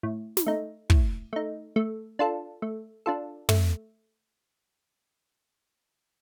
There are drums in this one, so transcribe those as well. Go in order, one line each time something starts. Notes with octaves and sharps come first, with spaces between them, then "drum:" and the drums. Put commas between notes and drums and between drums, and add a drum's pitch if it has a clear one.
A2
drum: snare
A3 D#4
A2, drum: kick
A3 D#4
A3
D4 F4 A4
A3
D4 F4 A4
A3, drum: tom